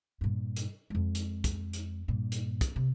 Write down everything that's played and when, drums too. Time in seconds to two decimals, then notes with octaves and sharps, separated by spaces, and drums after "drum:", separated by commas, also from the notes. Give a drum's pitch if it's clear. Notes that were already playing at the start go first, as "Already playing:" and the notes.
0.21 G2 A#2
0.56 drum: hi-hat
0.90 F2 G#3
1.15 drum: hi-hat
1.44 drum: kick, hi-hat
1.73 drum: hi-hat
2.08 G2 A#2
2.32 drum: hi-hat
2.61 drum: kick, hi-hat
2.76 C3